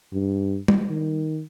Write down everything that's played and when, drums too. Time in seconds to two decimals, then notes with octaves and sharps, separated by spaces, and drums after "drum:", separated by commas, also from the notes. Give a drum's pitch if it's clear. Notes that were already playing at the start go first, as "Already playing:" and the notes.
0.13 G2
0.68 drum: tom G3
0.88 D#3